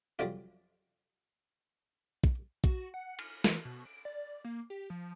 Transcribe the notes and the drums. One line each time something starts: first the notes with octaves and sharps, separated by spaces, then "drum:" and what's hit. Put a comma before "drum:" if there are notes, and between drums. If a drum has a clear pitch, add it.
F2 F#3 G3 F4
drum: kick
F#4, drum: kick
F#5
F6, drum: cymbal
E3, drum: snare
B2
D7
D5
A#3
G4
F3